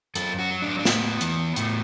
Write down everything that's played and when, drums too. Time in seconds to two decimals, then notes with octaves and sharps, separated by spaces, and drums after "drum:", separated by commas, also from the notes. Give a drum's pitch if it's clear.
0.15 F#2 A4, drum: hi-hat
0.39 F#4
0.51 F#3
0.62 D4
0.79 D4
0.85 A2 B3, drum: snare
1.21 E3, drum: hi-hat
1.56 A2, drum: hi-hat